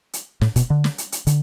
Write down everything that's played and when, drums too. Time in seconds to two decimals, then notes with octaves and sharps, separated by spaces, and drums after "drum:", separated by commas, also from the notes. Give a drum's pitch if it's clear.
0.13 drum: hi-hat
0.41 A2, drum: snare
0.56 B2, drum: kick E1, hi-hat
0.70 D3
0.84 drum: snare
0.98 drum: hi-hat
1.12 drum: hi-hat
1.27 D3, drum: hi-hat